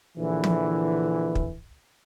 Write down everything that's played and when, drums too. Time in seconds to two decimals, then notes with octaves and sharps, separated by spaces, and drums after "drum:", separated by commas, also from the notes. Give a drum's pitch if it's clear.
0.17 A#1 D3 E3
0.44 drum: tom
1.35 drum: kick